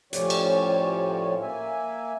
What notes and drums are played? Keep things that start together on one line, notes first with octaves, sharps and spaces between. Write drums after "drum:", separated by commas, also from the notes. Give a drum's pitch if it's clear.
A2 F3 C#4 G4 C#5 D5, drum: hi-hat
drum: cymbal
A#3 E5 G#5